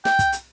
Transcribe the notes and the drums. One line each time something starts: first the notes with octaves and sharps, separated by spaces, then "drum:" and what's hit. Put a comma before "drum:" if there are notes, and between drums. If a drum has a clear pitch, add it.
G5, drum: snare
drum: kick, hi-hat
drum: hi-hat